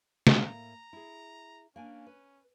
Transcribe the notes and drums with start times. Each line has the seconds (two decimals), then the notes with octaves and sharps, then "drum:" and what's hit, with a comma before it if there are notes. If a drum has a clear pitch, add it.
0.27 drum: snare
0.36 A2 A#3 F5 A#5
0.93 E4 G#4
1.76 A#3 C#4 D4 G#5
2.07 B4